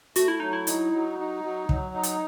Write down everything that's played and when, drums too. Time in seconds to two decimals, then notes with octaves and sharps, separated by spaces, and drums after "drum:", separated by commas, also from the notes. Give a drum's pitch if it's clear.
0.16 A3 F#4, drum: hi-hat
0.28 E4
0.40 F#3 D#4
0.53 E4
0.67 D#4, drum: hi-hat
0.93 F#3
1.19 D#4
1.44 F#3
1.69 F#3, drum: kick
1.94 D#4
2.03 drum: hi-hat